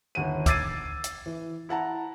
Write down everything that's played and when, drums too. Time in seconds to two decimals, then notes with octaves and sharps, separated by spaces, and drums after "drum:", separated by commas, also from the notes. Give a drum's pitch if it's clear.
0.15 G1 D#2 F#5 D#7
0.46 D6 E6 G#6 A6 C7 D#7, drum: kick, hi-hat
1.04 drum: hi-hat
1.26 E3
1.69 E4 F#5 A5 A#5